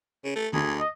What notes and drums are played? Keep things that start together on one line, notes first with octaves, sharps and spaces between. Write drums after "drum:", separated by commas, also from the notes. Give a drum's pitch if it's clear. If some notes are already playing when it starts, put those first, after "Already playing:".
C#3
A3
D2 G#4, drum: tom D3
D#5